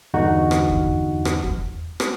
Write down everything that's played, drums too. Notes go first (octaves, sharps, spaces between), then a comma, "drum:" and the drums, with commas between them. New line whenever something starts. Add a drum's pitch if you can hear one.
E2 G2 D3 D#4 F#4 F#5
drum: rim click
drum: kick E2
drum: rim click
drum: kick E2
drum: rim click